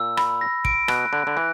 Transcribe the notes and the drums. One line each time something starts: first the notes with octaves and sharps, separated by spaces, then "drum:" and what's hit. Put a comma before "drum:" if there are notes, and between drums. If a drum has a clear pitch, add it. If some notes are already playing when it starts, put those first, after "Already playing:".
Already playing: A#2 E6
B5, drum: rim click
A#6
D7, drum: kick
B2 F#6, drum: rim click
D3 F#6
D3
E3 F#6